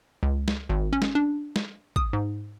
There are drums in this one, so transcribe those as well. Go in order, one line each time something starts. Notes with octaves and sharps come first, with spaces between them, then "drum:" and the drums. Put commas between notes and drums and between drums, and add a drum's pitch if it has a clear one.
C#2
drum: snare
G#1
C#4
drum: snare
D4
drum: snare
D#6, drum: kick
G#2